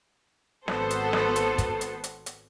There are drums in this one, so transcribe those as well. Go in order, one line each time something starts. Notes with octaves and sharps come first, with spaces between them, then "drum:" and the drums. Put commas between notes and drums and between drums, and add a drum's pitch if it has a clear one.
G#1 B3 F#4 A4 C5, drum: snare
drum: hi-hat
drum: snare
drum: hi-hat
drum: kick, hi-hat
drum: hi-hat
drum: hi-hat
drum: hi-hat